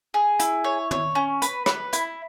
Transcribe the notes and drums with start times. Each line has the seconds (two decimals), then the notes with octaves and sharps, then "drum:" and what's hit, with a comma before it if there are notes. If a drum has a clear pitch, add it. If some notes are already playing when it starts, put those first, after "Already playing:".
0.14 G#4
0.39 E4, drum: hi-hat
0.64 C#5
0.91 C#5, drum: tom
1.15 C#4
1.42 B4, drum: hi-hat
1.66 B4, drum: rim click
1.93 E4, drum: hi-hat